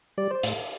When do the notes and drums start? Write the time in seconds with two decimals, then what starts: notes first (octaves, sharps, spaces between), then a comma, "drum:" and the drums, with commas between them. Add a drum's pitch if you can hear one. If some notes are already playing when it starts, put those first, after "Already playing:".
0.18 G3 D5
0.31 C5
0.43 A2, drum: hi-hat